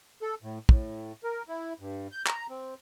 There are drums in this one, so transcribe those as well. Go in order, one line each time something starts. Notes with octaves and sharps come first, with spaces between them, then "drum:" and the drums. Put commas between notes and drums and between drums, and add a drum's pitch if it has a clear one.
A4
A2
A2, drum: kick
A#4
E4
G2
G6
A#5, drum: clap
C4